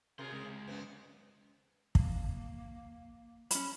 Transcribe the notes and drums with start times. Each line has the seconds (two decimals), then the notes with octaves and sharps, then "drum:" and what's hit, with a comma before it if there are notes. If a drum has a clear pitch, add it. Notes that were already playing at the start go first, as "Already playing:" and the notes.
0.19 C3 F#4 G#4 A#4 C6
0.32 C#3 G#3
0.68 F#2 B3 C4
1.95 A#3, drum: kick
3.51 C#4 B5, drum: hi-hat